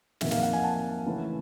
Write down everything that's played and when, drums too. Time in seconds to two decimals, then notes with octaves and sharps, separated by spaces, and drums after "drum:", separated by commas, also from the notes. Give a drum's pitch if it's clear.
0.21 F2 C3 D#3 F#3 A#3 E5, drum: snare
0.31 F5, drum: snare
0.42 F#5
0.53 G#5
0.64 A5
1.06 C#3 E3 A3 C#4 E4